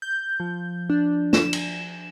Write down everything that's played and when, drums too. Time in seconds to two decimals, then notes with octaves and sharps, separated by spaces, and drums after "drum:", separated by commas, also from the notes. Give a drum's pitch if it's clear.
0.02 G6
0.40 F3
0.90 D4
1.33 E7, drum: snare
1.53 drum: cymbal